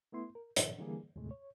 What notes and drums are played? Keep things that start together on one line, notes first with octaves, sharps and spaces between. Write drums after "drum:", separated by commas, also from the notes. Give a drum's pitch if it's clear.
A3 B3 E4 C6
A#4
G2 A#2 D3 D#3 F3, drum: hi-hat
D3 E3 G3 A#3 G#4
D#2 A2 C3 G#3 A3
C#5